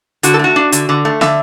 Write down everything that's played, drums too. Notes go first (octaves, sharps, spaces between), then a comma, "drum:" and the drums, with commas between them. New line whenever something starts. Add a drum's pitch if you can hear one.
D3 F#4, drum: hi-hat
A4
A3 F#4
D4
D3, drum: hi-hat
D3
A3
D3 E5, drum: snare